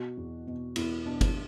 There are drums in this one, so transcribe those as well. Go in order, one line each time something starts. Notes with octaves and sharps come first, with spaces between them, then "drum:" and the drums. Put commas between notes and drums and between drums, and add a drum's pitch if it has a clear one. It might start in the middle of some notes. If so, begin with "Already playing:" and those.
Already playing: B2 F#4
E2
B2
E2 E4, drum: cymbal
B2 D4
drum: kick G1, cymbal